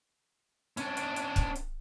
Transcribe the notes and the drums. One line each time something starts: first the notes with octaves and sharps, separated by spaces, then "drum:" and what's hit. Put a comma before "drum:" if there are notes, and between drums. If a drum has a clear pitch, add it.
C#4 D4, drum: hi-hat
drum: hi-hat
drum: hi-hat
drum: kick, hi-hat
drum: hi-hat